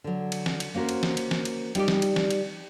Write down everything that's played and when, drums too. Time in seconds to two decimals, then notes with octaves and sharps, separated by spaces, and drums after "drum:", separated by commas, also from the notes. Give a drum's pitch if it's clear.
0.04 D3 F#3
0.32 drum: cymbal
0.46 drum: snare
0.60 drum: cymbal
0.74 A#3 C#4 F#4 A#4 C5
0.89 drum: cymbal
1.03 drum: snare
1.17 drum: cymbal
1.31 drum: snare
1.45 drum: cymbal
1.75 G3 D#4 G4 D5, drum: cymbal
1.88 drum: snare
2.02 drum: cymbal
2.16 drum: snare
2.31 drum: cymbal